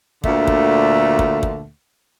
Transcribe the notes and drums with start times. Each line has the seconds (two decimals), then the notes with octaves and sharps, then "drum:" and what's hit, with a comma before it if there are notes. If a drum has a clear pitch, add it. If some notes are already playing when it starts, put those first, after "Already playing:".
0.24 D2 A#2 D3 A3, drum: kick
0.47 drum: kick
1.19 drum: kick
1.43 drum: kick